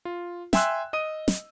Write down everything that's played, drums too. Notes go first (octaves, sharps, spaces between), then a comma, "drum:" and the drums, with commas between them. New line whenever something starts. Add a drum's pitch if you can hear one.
F4
E5 G5 G#5 C6 E6 F#6, drum: snare
D#5 D#6 D#7
drum: snare